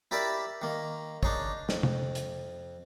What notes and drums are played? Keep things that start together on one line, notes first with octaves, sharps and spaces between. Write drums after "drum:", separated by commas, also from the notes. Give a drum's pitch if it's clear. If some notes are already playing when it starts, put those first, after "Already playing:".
E4 G4 A#4 D5 E5 B5
D#3 A#3
D4 D#4 G#4 C#5, drum: kick
F2, drum: snare
drum: tom
drum: hi-hat